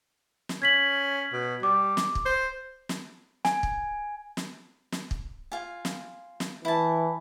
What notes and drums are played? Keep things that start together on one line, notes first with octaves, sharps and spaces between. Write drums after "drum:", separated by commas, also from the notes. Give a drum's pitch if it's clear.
drum: snare
C#4 G#6 B6 F#7
B2
G3 D6
drum: snare
drum: kick
C5
drum: snare
G#5, drum: snare
drum: kick
drum: snare
drum: snare
drum: kick
F4 G#5
drum: snare
drum: snare
E3 E4 A5